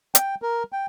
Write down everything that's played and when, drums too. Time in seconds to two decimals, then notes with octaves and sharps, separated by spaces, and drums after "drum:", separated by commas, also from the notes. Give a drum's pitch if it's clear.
0.15 G5, drum: hi-hat
0.42 A#4
0.72 G5